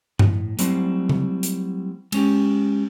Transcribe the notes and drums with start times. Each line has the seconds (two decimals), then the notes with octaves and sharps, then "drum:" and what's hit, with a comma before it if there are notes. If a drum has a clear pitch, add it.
0.19 A2, drum: tom G2
0.59 F#3 G3 A3 C4 E4, drum: hi-hat
1.09 drum: tom C#3
1.43 drum: hi-hat
2.12 G#3 C#4 G4, drum: cymbal